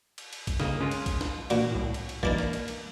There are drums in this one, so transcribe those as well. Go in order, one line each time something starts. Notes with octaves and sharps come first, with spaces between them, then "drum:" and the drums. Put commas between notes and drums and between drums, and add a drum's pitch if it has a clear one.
drum: cymbal
drum: cymbal
drum: kick A#1, cymbal
G1 C#3 A#3 D#5, drum: snare
G#3 C#4 F4
drum: cymbal
drum: kick A#1, cymbal
drum: snare
A#2 D4 F#4, drum: cymbal
C2 A2
drum: cymbal
drum: cymbal
E3 A#3 D4 D#4 D5, drum: kick A#1
drum: snare
drum: cymbal
drum: cymbal